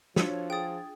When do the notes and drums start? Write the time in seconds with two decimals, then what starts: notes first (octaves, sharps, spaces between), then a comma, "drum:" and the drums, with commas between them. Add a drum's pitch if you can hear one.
0.16 F3 D4 F4 F#4 A4 C#5, drum: snare
0.50 G#4 G5 D#6 A6